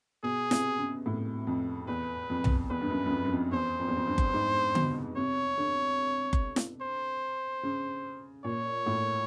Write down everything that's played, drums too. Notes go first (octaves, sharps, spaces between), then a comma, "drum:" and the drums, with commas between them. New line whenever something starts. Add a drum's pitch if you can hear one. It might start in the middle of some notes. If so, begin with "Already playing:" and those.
B2 G#4
C3, drum: snare
C#3
A2
F2
E2 B4
F2
drum: tom
E2 B4
G2
F#2
F#2
F2
F#2
F2
E2 C5
F2
E2
F2
G2
drum: kick F#1
G#2
B2, drum: tom D3
C3 C#5
D3
drum: kick F#1
drum: snare
C5
C#3
A#2 C#5
A2